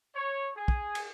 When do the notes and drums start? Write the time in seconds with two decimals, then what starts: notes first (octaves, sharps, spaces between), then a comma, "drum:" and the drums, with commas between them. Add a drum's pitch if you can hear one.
0.15 C#5
0.56 G#4
0.68 drum: kick
0.95 drum: cymbal